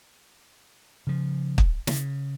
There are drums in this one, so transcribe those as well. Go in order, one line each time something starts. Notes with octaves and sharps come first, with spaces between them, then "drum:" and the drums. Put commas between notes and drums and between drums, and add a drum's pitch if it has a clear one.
C#3 F3
drum: kick
C#3, drum: snare